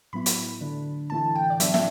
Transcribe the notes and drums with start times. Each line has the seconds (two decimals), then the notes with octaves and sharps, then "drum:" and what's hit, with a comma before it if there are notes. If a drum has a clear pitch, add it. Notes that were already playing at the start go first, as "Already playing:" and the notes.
0.13 A2 F#3 B3 E4 B5
0.26 drum: hi-hat
0.61 D3 A3 D4
1.10 A2 E3 A3 E4 A5
1.35 G5
1.50 D5
1.60 F#3 B3 D4 E5, drum: hi-hat
1.74 E5, drum: snare